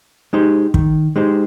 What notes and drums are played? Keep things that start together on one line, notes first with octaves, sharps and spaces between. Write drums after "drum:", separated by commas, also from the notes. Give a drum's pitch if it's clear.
G#3 D#4 G4 C5
D#3, drum: kick
G#3 D#4 G4 C5